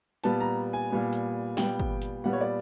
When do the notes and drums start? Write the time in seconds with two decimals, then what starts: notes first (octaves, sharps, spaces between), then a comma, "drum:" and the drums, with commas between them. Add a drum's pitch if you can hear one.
0.24 A#2 G3 B3 A5, drum: hi-hat
0.41 A#5
0.73 G#5
0.90 A#2 G3 B3
1.13 drum: hi-hat
1.57 A#2 G3 B3 G5, drum: snare
1.79 drum: kick
2.02 drum: hi-hat
2.24 A#2 G3 B3 F#5
2.33 C#5
2.41 D5